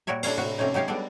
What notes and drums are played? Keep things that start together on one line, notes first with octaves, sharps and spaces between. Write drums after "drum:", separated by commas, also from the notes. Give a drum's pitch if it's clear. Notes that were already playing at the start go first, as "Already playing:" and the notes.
A#2 G3 F#4 A#4 C#5 E5
D4 E4 C#5 F5, drum: cymbal
A2 C3 F#4
C3 F3 A3 A#3 C#4 D#4
F#3 D#4 G4 C#5 F5
G3 G#3 B3 D4 A4 D5